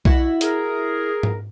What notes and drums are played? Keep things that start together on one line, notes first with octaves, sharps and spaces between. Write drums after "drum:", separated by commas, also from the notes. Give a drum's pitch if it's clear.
E4 F#4, drum: kick B1
G#4 A#4, drum: hi-hat
drum: tom G#2